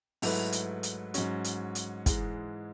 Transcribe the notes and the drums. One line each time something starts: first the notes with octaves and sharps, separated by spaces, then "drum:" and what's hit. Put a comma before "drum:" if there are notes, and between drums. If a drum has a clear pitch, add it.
G#2 F#3 A3 E4 B4, drum: open hi-hat
drum: hi-hat
drum: hi-hat
G#2 F#3 C#4 F#4, drum: hi-hat
drum: hi-hat
drum: hi-hat
G#2 E3 G#3, drum: kick, hi-hat